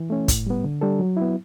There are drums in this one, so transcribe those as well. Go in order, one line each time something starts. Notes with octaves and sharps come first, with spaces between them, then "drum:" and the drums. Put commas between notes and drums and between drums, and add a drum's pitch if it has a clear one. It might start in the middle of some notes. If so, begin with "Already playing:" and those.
Already playing: E3
A3 C#4
A2, drum: kick, hi-hat
G3 B3
D3
G3 D4 A4
F#3
B3 E4